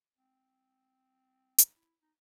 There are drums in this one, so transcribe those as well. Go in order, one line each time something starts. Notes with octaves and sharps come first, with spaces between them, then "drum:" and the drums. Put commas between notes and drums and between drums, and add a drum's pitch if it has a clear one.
C4
D#4, drum: hi-hat
E4
D#4